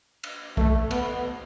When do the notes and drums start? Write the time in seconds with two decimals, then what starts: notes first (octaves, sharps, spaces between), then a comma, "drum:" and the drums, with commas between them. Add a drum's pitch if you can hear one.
0.23 drum: cymbal
0.57 A3, drum: kick B1
0.91 B3, drum: cymbal